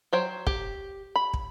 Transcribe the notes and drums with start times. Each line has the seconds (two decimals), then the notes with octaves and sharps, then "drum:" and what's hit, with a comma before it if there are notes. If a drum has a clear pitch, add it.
0.13 F#3 C5 G5
0.47 G4, drum: kick
1.16 B5
1.34 drum: kick